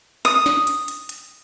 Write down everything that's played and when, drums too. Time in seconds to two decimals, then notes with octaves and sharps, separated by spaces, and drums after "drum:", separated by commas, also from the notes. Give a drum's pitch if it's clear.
0.25 D#6, drum: hi-hat
0.46 drum: snare
0.67 drum: hi-hat
0.88 drum: hi-hat
1.09 drum: hi-hat